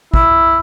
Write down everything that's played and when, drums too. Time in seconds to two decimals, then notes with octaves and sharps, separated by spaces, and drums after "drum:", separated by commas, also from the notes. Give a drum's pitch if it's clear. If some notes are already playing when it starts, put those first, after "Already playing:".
0.14 E4, drum: kick